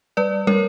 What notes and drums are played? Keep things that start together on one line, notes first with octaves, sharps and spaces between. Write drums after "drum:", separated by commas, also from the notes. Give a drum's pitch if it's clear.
G3 B4 D5
A#4 C#5, drum: tom